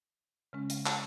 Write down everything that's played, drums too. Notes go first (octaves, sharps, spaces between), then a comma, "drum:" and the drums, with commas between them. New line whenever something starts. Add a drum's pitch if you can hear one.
C#3 G#3 C#4
drum: hi-hat
drum: clap